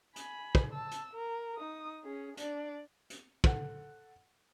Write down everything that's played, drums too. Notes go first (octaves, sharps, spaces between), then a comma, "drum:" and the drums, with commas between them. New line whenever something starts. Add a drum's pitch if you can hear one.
G#5 B5, drum: hi-hat
drum: kick
A5 E6
drum: hi-hat
A#4
D#4 D#6
C#4 G#4
D4 D5, drum: hi-hat
drum: hi-hat
A4 F#5, drum: kick